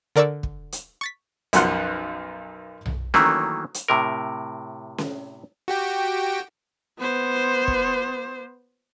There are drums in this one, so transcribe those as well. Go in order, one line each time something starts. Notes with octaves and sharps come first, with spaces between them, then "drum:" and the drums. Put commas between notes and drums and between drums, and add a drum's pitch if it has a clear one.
D3 A#4 D5 C#6 E6
drum: kick
drum: hi-hat
C#6 A6 B6
B1 F#2 F3 F#5 C6 F#6, drum: hi-hat
drum: tom B1
D#3 E3 F#3 A3 A#3, drum: snare C#4
drum: hi-hat
A2 C3 A#4
drum: snare C#4
F#4 G4 G5
B3 C5
drum: kick